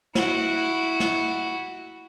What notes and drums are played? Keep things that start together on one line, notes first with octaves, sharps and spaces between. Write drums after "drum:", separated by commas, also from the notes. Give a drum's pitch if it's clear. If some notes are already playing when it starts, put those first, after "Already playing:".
E4 F#4, drum: snare
drum: snare